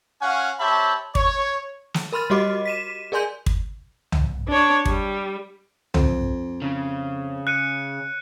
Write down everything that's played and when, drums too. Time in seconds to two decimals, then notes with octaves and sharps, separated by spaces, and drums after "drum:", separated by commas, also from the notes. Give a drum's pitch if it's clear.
0.21 C#4 F#4 F5 F#5 G#5
0.60 C4 G4 C#5 E5 A5 B5
1.15 C#5, drum: kick
1.94 drum: snare
2.12 A#4 B5 C6 F6 A6
2.30 G3 F#4 G4 D#5 D6
2.65 B6 D#7 E7
3.12 G#4 A#4 D5 G#5 C6 G6
3.46 drum: kick
4.12 drum: tom
4.48 D4 C#5
4.85 G3, drum: kick
5.94 F2, drum: tom
6.62 C#3
7.47 F#6 C#7 D#7